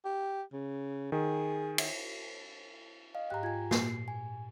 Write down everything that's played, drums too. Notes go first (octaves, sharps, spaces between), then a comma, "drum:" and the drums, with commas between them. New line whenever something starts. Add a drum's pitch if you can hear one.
G4
C#3
D#3 G#4
drum: cymbal
D#5 F5
G#2 G4 G5 A#5 F#6
F4 G#5 G#6
A#2 C7, drum: snare
G#5